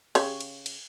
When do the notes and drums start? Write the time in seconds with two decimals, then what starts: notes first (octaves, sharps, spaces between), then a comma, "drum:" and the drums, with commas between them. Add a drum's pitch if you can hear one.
0.15 C#3 G4 C#5, drum: cymbal
0.41 drum: cymbal
0.66 drum: cymbal